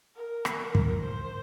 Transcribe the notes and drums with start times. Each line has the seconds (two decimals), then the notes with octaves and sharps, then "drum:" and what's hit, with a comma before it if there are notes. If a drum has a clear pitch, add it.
0.15 A#4
0.45 drum: rim click
0.60 A#4
0.75 drum: kick
1.04 C5